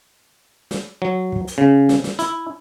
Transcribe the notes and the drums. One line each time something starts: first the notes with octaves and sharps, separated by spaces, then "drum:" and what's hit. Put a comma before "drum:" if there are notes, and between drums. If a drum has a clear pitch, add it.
drum: snare
F#3
drum: kick
drum: hi-hat
C#3
drum: snare
drum: snare
E4, drum: hi-hat